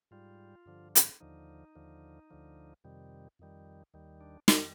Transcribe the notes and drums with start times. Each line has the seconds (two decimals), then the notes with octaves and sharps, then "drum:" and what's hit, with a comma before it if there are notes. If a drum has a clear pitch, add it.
0.11 G#2 G3 F4
0.66 G2 D3 F3
0.95 drum: hi-hat
1.20 D#2 D3 F3 D#4
1.75 D#2 D3 F3
2.30 D2 D3 F3
2.84 F2 C3 D#3 G3
3.39 F2 D#3 G3
3.94 D#2 D#3 G3
4.21 D4
4.48 F2 D#3 G3 C4, drum: snare